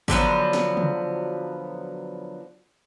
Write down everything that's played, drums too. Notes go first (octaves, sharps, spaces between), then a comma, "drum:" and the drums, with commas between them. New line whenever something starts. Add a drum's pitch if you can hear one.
D3 F3 F#3 B3, drum: kick
drum: snare
drum: tom C#3